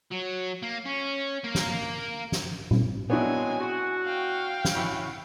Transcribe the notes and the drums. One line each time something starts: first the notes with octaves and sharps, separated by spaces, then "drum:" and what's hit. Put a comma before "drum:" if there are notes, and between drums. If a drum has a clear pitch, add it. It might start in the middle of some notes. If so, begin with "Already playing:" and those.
F#3
A#3
C#4
A#3 A#4
drum: snare
drum: snare
drum: tom A#2
D#3 F#3 G#3 B3 C4 D4 E4 G#5
F#4
F5 G5
drum: snare
C#4 E4 F#4